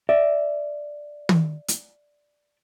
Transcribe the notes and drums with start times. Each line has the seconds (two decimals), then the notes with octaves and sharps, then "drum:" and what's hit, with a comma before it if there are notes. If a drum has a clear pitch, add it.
0.09 D5 E5
1.29 drum: tom
1.68 drum: hi-hat